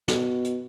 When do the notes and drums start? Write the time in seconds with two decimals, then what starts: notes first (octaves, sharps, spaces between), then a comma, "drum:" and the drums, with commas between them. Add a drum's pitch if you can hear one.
0.08 B2, drum: snare
0.44 drum: hi-hat